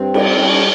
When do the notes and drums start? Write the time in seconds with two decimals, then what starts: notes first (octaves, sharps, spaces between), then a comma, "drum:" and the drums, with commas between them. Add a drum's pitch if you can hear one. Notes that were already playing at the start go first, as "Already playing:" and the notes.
Already playing: G2 C4
0.14 G3, drum: cymbal
0.38 G3 C#4